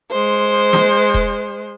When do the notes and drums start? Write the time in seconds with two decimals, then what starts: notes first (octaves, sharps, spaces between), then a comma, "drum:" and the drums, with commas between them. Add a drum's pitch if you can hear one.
0.11 G#3 C5
0.73 drum: snare
1.14 drum: kick E1